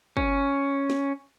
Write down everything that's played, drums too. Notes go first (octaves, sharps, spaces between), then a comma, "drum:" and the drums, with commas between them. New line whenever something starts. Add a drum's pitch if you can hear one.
C#4, drum: kick
drum: snare